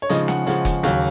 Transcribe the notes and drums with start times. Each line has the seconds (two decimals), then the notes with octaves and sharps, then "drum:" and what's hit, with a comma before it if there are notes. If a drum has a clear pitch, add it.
0.02 C#5
0.10 C#3 F3 G#3 D#4 D#5, drum: hi-hat
0.28 F#5, drum: snare
0.46 C#3 F3 G#3 F#5, drum: hi-hat
0.65 drum: kick F1, hi-hat
0.83 D#2 C#3 F#3, drum: hi-hat